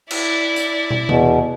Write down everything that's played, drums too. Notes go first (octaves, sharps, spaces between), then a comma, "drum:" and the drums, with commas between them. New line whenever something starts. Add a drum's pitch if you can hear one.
E4 D5, drum: cymbal
drum: hi-hat
drum: tom
E2 B2, drum: tom C3